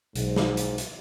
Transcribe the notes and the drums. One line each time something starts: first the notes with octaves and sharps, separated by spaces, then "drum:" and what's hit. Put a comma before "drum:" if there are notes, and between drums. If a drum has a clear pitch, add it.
B1 G#2, drum: hi-hat
drum: snare
drum: hi-hat
drum: hi-hat